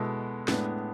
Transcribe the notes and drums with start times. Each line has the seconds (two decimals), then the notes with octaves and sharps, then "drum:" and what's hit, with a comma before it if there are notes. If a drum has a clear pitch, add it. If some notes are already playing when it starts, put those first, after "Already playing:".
Already playing: B2 G#3 B3 E4 A4
0.48 A2 G#3 B3 D4, drum: snare